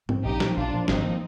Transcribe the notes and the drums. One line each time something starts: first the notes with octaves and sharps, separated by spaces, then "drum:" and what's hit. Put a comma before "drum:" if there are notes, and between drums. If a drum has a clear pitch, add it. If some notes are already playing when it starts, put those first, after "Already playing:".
G3 C4, drum: tom G#2
A#1 D#4 G4
A#2 F3, drum: snare
A#1 D4 F4
A#2 F3
G#1 C4 D#4, drum: snare
F3 A#3